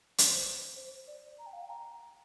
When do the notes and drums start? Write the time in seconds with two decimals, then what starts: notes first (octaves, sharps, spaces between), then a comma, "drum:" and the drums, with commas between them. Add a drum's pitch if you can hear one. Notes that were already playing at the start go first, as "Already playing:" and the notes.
0.18 D5, drum: hi-hat
0.28 C5
0.76 C5
1.08 D5
1.39 A#5
1.46 G5
1.53 F5
1.62 G5
1.70 A#5